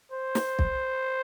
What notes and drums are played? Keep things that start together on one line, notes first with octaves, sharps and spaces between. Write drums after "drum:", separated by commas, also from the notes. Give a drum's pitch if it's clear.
C5
drum: snare
drum: kick